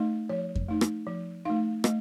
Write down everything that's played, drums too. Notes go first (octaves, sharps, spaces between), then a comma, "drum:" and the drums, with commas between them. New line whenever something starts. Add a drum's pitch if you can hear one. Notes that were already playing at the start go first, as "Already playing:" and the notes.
Already playing: A3 D#4 D#5
F3 C#5
drum: kick F2
A3 D#4
drum: rim click
F3
A3 D#4 F5
A3 D#5, drum: rim click